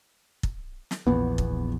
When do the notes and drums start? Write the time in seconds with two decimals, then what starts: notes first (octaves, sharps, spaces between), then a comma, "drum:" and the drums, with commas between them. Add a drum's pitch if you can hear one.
0.43 drum: kick
0.91 drum: snare
1.07 A#1 E2 B3
1.38 drum: kick